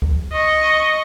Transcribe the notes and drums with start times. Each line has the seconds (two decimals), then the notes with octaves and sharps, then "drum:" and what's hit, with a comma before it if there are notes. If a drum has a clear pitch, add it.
0.02 drum: kick C#2
0.32 D#5 C#6